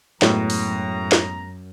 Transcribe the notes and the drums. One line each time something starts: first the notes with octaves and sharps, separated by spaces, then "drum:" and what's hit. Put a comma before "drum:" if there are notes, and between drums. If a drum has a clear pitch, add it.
F#2 A2 F#3 G#3 B3 A#5, drum: snare
drum: open hi-hat
drum: snare